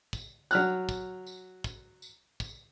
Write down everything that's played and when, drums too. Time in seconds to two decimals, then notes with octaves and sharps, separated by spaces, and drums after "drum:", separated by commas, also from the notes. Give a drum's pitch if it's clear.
0.13 drum: kick, tambourine
0.51 F#3 F6 F#6, drum: tambourine
0.89 drum: kick, tambourine
1.27 drum: tambourine
1.64 drum: kick, tambourine
2.02 drum: tambourine
2.40 drum: kick, tambourine